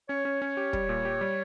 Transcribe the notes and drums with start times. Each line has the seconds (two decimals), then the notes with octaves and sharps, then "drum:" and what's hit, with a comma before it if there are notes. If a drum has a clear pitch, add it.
0.09 C#4 C#5
0.25 C#4
0.42 C#4
0.57 G4
0.73 G3, drum: kick
0.89 A#2
1.05 G4
1.21 G3